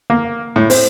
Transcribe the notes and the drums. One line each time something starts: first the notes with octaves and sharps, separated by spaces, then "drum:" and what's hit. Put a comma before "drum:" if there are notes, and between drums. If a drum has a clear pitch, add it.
A#3
A2
C4, drum: open hi-hat